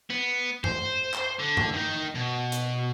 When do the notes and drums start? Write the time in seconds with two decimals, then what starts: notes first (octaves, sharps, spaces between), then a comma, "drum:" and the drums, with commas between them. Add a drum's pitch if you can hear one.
0.10 B3
0.64 C5, drum: tom G2
1.14 drum: clap
1.39 D3
1.57 drum: tom G2
1.74 D#3 D#4
2.15 B2
2.52 drum: hi-hat